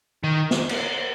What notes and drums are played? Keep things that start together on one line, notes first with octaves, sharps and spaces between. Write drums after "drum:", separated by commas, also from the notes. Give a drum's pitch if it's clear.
D#3
drum: snare
drum: cymbal